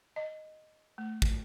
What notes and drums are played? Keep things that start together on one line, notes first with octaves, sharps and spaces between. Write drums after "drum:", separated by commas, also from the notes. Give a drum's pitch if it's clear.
D#5
A3
drum: kick